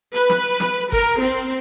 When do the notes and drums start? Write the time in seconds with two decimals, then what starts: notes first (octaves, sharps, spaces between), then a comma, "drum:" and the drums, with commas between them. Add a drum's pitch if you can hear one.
0.13 B4
0.29 drum: snare
0.60 drum: snare
0.92 A#4, drum: kick G1, hi-hat
1.21 C4, drum: hi-hat